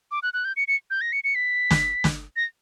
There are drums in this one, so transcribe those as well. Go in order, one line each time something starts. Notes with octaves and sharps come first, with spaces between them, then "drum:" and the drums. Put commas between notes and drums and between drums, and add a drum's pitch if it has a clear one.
D6
F#6
F#6
G6
C#7
C#7
G6
A#6
C#7
C#7
B6
drum: snare
drum: snare
A#6